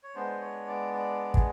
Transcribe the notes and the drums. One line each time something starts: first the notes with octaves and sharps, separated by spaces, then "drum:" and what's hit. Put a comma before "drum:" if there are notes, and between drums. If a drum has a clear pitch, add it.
C#5
G#3 B3 D4 C5
C#5
D5
D5
G#4, drum: kick